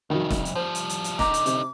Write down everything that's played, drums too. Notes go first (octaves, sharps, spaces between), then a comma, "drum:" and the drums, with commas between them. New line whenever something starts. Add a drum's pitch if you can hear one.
C2 F2 D#3 F#3
drum: snare
drum: hi-hat
F3 G3 C5
drum: hi-hat
drum: hi-hat
drum: hi-hat
D3 D#4 A#5 D6, drum: snare
drum: hi-hat
C3, drum: hi-hat